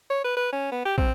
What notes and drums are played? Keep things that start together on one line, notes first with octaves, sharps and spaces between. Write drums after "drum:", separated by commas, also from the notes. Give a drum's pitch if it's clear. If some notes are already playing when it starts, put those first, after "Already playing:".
C#5
B4
B4
C#4
B3
G4
C4, drum: kick